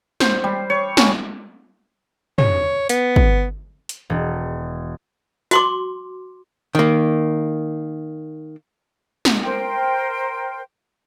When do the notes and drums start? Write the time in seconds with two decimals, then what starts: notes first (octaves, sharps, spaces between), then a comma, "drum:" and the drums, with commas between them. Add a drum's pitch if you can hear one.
0.20 C5, drum: snare
0.44 G3
0.70 C#5
0.97 C#4, drum: snare
2.38 C#5, drum: tom
2.89 B3, drum: hi-hat
3.16 drum: kick
3.89 drum: hi-hat
4.10 E1
5.51 F#4 C6 D6, drum: hi-hat
6.75 D#3 A#3
9.25 drum: snare
9.43 A#4 C5 G5